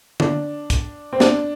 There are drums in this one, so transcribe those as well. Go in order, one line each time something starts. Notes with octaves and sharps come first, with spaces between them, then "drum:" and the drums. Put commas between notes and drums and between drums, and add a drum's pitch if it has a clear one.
D4, drum: tom D3
drum: kick, hi-hat
C4
D4, drum: snare